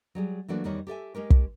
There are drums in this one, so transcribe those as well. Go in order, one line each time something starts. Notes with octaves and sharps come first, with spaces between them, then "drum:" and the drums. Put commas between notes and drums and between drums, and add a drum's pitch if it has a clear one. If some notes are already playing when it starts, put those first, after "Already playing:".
F#3 G3 G#4
E3 F#3 A3 A#3 D4 F#4
E2 D#3 G3 D#4 C#5
G4 A4 E5 G#5
G#3 C#4 G4 A#4
drum: kick